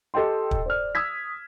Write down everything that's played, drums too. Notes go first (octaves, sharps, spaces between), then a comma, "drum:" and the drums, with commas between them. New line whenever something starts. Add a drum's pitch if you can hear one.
G4 A4 D#5 G5 C6
drum: kick
C5 D5 F6
D#6 E6 G#6 B6